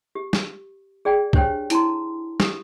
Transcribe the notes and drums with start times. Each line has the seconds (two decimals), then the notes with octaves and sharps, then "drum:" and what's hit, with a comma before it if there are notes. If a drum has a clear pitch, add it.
0.15 G4
0.33 drum: snare
1.05 G#4 D5 G5 G#5
1.33 D4 G4 C5 C#5 G5, drum: kick
1.70 E4 A5 A#5 C6, drum: hi-hat
2.40 G4 D#6, drum: snare